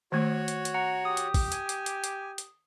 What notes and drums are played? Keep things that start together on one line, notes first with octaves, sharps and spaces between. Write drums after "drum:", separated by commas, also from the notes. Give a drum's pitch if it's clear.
D#3 A3 F#4 C#5
drum: hi-hat
drum: hi-hat
F#5 A#5
G4 D#6
drum: hi-hat
drum: kick, open hi-hat
G#5, drum: hi-hat
drum: hi-hat
drum: hi-hat
drum: hi-hat
drum: hi-hat